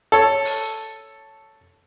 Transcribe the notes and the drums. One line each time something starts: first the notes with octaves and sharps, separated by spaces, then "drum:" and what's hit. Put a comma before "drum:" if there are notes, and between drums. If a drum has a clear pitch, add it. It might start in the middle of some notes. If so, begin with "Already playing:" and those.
A4 C#5
drum: open hi-hat